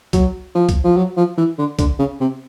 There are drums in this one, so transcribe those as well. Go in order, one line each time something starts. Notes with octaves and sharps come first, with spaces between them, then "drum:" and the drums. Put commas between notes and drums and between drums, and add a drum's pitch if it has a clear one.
F#3, drum: kick C2, hi-hat
F3
drum: kick C2, hi-hat
F3
F#3
F3
E3
D3
D3, drum: kick C2, hi-hat
C#3
C3